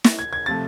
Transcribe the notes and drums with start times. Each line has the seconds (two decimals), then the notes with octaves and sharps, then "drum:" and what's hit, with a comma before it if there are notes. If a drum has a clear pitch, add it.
0.04 drum: snare
0.19 G#6
0.33 G#6
0.46 C3 F3 A3 A6